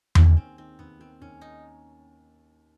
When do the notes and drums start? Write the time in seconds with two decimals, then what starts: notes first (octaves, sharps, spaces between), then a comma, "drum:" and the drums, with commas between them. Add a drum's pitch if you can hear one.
0.15 D#3 C#4, drum: tom E2
0.37 D#2 C4
0.58 D#3 C4
0.79 D#2 B3
0.99 D#3 C4
1.21 D#2 C#4
1.41 D#4